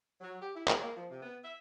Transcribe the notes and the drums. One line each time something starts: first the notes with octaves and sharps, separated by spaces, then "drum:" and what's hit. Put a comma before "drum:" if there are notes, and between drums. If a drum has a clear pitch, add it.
F#3
G4
E4
G#3, drum: clap
A#3
F3
C3
B3
E5